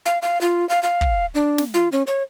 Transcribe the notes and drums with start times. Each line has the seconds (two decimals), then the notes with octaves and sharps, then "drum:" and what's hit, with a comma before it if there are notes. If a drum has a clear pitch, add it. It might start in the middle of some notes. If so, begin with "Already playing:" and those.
0.06 F5
0.22 F5
0.41 F4
0.69 F5
0.83 F5
1.01 drum: kick
1.35 D4
1.58 drum: snare
1.74 F4
1.92 C#4
2.07 C#5